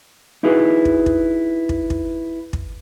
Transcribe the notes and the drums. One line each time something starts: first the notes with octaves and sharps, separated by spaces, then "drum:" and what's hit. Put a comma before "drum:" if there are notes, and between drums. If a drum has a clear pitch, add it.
D#4 E4 F#4 G#4 B4
drum: kick
drum: kick
drum: kick
drum: kick
drum: kick